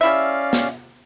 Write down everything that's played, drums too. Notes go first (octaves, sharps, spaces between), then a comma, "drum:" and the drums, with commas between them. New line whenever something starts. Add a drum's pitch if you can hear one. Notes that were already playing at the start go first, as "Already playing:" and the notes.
G3 C#4 E4 D5 E5 F5
drum: snare